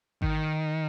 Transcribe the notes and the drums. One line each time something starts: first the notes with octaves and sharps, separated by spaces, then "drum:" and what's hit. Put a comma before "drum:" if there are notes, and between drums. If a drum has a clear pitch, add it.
D#3, drum: kick G#1